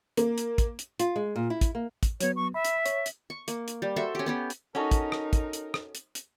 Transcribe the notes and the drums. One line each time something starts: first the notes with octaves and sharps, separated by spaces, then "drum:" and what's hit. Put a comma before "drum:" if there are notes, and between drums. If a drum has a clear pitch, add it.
A#3, drum: hi-hat
drum: hi-hat
drum: kick, hi-hat
drum: hi-hat
F4, drum: hi-hat
G#3
A#2
E4
drum: kick, hi-hat
A#3
drum: kick, hi-hat
F#3 B3 C#5, drum: hi-hat
C#6
E5 B5
drum: hi-hat
C#5, drum: hi-hat
drum: hi-hat
C#6
A#3, drum: hi-hat
drum: hi-hat
G3
F#4 A4 C5 E5
C#4 G4
B3 C#4 G4
drum: hi-hat
C#4 D#4 F#4 A4 A#4
drum: kick, hi-hat
drum: rim click
drum: kick, hi-hat
drum: hi-hat
drum: rim click
drum: hi-hat
drum: hi-hat